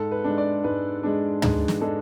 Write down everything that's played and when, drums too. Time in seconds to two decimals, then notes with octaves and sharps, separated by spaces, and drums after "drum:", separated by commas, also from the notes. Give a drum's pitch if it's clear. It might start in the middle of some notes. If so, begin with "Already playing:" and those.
Already playing: G#2 A4
0.11 B4
0.24 G#3 D4
0.38 D5
0.64 G#2 B4
1.03 G#3 D4
1.42 G#2 G#4, drum: tom
1.68 drum: snare
1.81 G#3 D4 A4